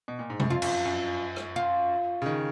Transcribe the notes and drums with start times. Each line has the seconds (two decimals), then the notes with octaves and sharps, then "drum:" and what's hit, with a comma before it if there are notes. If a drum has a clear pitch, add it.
0.08 B2
0.19 A#2
0.30 G#2
0.40 F#2, drum: tom C3
0.50 F2 F4
0.62 F#2, drum: cymbal
0.85 F#2
1.36 drum: rim click
1.56 F4
2.22 C#3
2.26 D#3